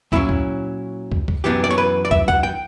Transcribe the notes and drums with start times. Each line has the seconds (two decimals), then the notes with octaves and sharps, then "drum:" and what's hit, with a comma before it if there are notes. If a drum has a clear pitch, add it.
0.12 A#2 F#3 C#4 E4, drum: kick
0.29 drum: kick
1.12 drum: kick
1.28 drum: kick
1.44 F#2 E3 B3 D4 G4
1.64 D5
1.71 C#5
1.78 B4
2.05 D5
2.11 E5, drum: kick
2.28 F#5, drum: kick
2.43 G5